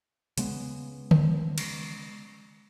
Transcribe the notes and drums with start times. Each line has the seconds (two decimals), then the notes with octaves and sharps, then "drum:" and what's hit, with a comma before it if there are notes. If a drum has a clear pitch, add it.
0.38 C#3 G#3 B3, drum: hi-hat
1.11 drum: tom D3
1.58 drum: cymbal